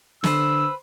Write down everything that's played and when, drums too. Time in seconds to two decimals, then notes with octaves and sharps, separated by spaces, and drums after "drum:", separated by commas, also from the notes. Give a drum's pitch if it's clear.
0.24 D3 B4 C5 E6, drum: snare